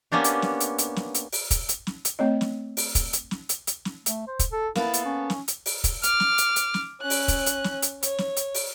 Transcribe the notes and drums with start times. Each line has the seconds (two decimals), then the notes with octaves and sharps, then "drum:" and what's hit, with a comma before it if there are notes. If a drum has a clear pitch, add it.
0.12 A#3 B3 C#4 D4 G4
0.24 drum: hi-hat
0.42 drum: snare
0.60 drum: hi-hat
0.78 drum: hi-hat
0.96 drum: snare
1.14 drum: hi-hat
1.33 drum: open hi-hat
1.51 drum: kick, hi-hat
1.69 drum: hi-hat
1.87 drum: snare
2.05 drum: hi-hat
2.19 A3 C4 C#5 D#5
2.41 drum: snare
2.77 drum: open hi-hat
2.95 drum: kick, hi-hat
3.13 drum: hi-hat
3.31 drum: snare
3.49 drum: hi-hat
3.67 drum: hi-hat
3.85 drum: snare
4.06 A3, drum: hi-hat
4.27 C5
4.39 drum: kick, hi-hat
4.52 A4
4.75 A#3 B3 E4 A4, drum: snare
4.94 drum: hi-hat
5.05 C#4
5.30 drum: snare
5.48 drum: hi-hat
5.66 drum: open hi-hat
5.84 drum: kick, hi-hat
6.03 D6 F6, drum: hi-hat
6.20 drum: snare
6.38 drum: hi-hat
6.56 drum: hi-hat
6.74 drum: snare
7.01 C#4 F#6
7.10 drum: open hi-hat
7.28 drum: kick, hi-hat
7.46 drum: hi-hat
7.64 drum: snare
7.82 drum: hi-hat
8.03 C#5, drum: hi-hat
8.18 drum: snare
8.36 drum: hi-hat
8.55 drum: open hi-hat